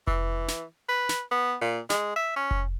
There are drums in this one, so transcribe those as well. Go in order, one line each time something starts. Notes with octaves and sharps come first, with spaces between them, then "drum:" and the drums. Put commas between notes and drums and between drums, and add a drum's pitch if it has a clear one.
E3, drum: kick F1
drum: snare
B4
drum: snare
B3
A#2
G#3, drum: snare
E5
C#4
drum: kick F1